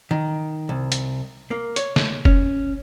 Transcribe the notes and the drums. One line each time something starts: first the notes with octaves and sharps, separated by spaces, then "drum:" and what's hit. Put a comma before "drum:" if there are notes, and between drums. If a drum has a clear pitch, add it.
D#3
C2
drum: hi-hat
A#3
C#5, drum: hi-hat
drum: snare
C#4, drum: kick F1